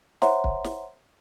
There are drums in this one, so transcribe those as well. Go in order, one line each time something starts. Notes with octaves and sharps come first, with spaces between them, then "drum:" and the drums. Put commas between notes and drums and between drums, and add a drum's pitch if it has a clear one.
C5 C#5 E5 F#5 A#5 C6, drum: snare
drum: kick
drum: snare